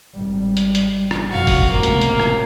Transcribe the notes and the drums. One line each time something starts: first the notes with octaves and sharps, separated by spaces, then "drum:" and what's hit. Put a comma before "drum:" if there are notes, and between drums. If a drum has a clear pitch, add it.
G#1 G3
drum: hi-hat
drum: hi-hat
drum: rim click
F2 C3 F#4 F5
drum: kick G1, open hi-hat
C#2 A2 C3 A#3
drum: hi-hat
drum: hi-hat
drum: rim click